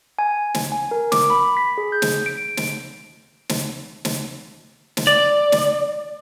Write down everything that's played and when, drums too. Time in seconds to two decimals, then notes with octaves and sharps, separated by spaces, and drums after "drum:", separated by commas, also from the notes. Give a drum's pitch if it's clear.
0.19 G#5
0.54 drum: snare
0.72 G#5
0.91 A#4
1.12 D6, drum: snare
1.30 B5
1.57 B6
1.78 G#4
1.92 G6
2.02 drum: snare
2.26 D7
2.57 drum: snare
3.49 drum: snare
4.05 drum: snare
4.97 drum: snare
5.07 D5
5.52 drum: snare